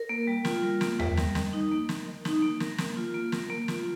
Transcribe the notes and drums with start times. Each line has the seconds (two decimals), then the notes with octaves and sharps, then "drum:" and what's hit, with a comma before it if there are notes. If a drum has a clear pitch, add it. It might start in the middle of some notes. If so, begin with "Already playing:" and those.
Already playing: A#4
0.09 A#3
0.27 G3
0.45 F4, drum: snare
0.63 A#4
0.81 A#3, drum: snare
0.99 G3, drum: tom E2
1.17 A#4, drum: snare
1.35 D#5, drum: snare
1.53 D#4
1.71 A#3
1.89 A#4, drum: snare
2.07 D#5
2.25 D#4, drum: snare
2.42 A#3
2.60 A#4, drum: snare
2.78 A#3, drum: snare
2.97 F4
3.14 A#3
3.32 A#4, drum: snare
3.50 A#3
3.68 F4, drum: snare